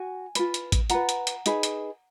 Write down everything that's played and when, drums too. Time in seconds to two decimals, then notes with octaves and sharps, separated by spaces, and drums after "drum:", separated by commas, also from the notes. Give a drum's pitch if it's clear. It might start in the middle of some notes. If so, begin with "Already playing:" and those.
Already playing: F#4 G#5
0.35 F4 B4, drum: hi-hat
0.54 drum: hi-hat
0.72 drum: kick A1, hi-hat
0.90 F4 B4 F#5 A#5, drum: hi-hat
1.09 drum: hi-hat
1.27 drum: hi-hat
1.46 D#4 G#4 B4, drum: hi-hat
1.63 drum: hi-hat